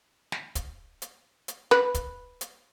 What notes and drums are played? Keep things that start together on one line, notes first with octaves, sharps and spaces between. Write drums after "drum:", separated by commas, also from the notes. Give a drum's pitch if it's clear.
drum: snare
drum: kick, hi-hat
drum: hi-hat
drum: hi-hat
B4, drum: snare
drum: kick, hi-hat
drum: hi-hat